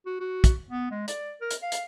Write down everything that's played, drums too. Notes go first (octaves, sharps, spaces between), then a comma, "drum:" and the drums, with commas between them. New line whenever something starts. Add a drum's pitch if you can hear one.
F#4
F#4
drum: kick, hi-hat
B3
G#3
D5, drum: hi-hat
A#4
drum: hi-hat
F5
drum: hi-hat